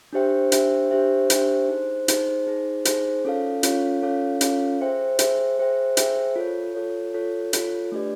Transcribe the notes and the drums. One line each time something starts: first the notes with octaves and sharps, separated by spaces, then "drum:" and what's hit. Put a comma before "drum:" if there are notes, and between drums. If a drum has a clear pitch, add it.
D4 G4 C5 E5 G5
D4 G4 C5 E5 G5, drum: hi-hat
D4 G4 C5 E5 G5
D4 G4 C5 E5 G5, drum: hi-hat
D#4 G#4 C5
D#4 G#4 C5, drum: hi-hat
D#4 G#4 C5
D#4 G#4 C5, drum: hi-hat
C#4 F4 A4 C#5 F5
C#4 F4 A4 C#5 F5, drum: hi-hat
C#4 F4 A4 C#5 F5
C#4 F4 A4 C#5 F5, drum: hi-hat
G#4 C5 E5 G5
G#4 C5 E5 G5, drum: hi-hat
G#4 C5 E5 G5
G#4 C5 E5 G5, drum: hi-hat
F4 A4 C#5
F4 A4 C#5
F4 A4 C#5
F4 A4 C#5, drum: hi-hat
A3 D4 G4 B4 D5